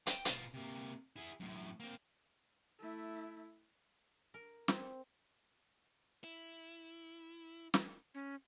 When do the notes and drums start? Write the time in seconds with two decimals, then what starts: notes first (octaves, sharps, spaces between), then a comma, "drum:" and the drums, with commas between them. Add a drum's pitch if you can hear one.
0.07 G5, drum: hi-hat
0.25 B2 F4, drum: hi-hat
0.54 C3 A#3
1.16 E4 G#4
1.40 F#2 A2
1.80 A#3 C4
2.79 A3 E4
4.34 A#4
4.68 C4, drum: snare
6.24 E4
7.74 drum: snare
8.14 C#4